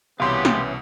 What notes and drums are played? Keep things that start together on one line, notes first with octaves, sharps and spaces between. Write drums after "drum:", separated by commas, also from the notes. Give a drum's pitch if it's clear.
C2 B2 E3 B3 C#4 G4 F5 C6
drum: snare